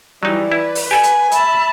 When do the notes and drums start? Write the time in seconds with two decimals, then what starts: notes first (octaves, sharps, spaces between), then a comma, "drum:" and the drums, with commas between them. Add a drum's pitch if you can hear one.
0.23 E3 F#3 G3 D#4 D5
0.52 E4 B4
0.75 drum: open hi-hat
0.91 G4 A4 D5 G#5
1.03 drum: hi-hat
1.31 E5 A5 B5, drum: hi-hat